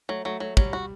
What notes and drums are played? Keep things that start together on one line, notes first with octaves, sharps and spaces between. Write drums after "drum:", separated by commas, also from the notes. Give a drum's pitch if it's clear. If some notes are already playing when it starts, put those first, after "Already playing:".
F#3 A3
F#3 A3
F#3 A3
F#3 G3, drum: kick
F#4